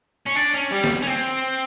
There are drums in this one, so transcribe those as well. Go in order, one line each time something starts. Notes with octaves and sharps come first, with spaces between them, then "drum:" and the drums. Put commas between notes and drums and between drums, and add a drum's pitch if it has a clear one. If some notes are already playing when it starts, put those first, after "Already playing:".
C#4
D4
C#4
G3
drum: snare
C#4
C4
drum: hi-hat